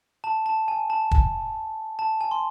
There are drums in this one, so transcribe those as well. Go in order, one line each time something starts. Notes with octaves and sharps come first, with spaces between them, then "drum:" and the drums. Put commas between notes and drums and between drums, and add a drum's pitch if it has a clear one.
A5
A5
G#5
A5
drum: kick
A5
G#5
C6